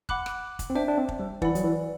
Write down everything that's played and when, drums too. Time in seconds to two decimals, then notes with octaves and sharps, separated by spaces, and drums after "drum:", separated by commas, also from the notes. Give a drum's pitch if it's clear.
0.09 F#5 B5 D6 F#6, drum: kick
0.26 drum: rim click
0.59 drum: kick, hi-hat
0.70 C4
0.75 D4 C5 E5 G5
0.88 D4
0.98 C4
1.09 drum: kick
1.19 G3
1.42 E3 D5 F#5 B5, drum: kick
1.55 F#3, drum: hi-hat
1.64 E3